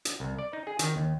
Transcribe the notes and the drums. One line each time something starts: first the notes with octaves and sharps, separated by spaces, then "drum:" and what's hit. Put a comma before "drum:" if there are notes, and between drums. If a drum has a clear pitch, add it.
drum: hi-hat
C2
D5
D#4
G#4
D#3, drum: hi-hat
D#2